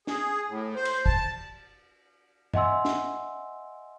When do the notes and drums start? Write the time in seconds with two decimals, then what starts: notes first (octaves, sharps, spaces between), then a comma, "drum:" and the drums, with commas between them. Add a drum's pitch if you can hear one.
0.07 G#4, drum: snare
0.49 A2
0.76 C5
0.85 drum: cymbal
1.06 A5, drum: kick
2.54 D#5 E5 F#5 G#5 C6 E6, drum: tom G2
2.85 drum: snare